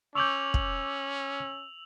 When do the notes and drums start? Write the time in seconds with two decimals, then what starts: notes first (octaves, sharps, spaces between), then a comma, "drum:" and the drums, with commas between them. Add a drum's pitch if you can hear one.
0.15 C#4 C#6 D6 E6 G6 F7 F#7
0.54 drum: kick